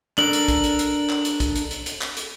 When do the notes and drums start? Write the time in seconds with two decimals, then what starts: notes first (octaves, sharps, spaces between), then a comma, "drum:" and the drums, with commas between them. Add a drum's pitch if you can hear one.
0.18 D4 A4 A#4 F#7, drum: clap
0.33 drum: hi-hat
0.48 drum: kick, hi-hat
0.64 drum: hi-hat
0.79 drum: hi-hat
1.10 drum: clap
1.25 drum: hi-hat
1.40 drum: kick, hi-hat
1.56 drum: hi-hat
1.71 drum: hi-hat
1.86 drum: hi-hat
2.01 drum: clap
2.17 drum: hi-hat